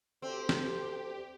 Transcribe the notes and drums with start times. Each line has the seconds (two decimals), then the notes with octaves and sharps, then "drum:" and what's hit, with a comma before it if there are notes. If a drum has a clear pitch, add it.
0.22 D2 C4 G4
0.49 drum: snare